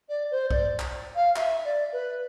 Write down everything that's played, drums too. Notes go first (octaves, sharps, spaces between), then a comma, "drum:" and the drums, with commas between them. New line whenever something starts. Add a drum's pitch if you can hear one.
D5
C5
D5, drum: kick
drum: clap
F5
E5, drum: clap
D5
B4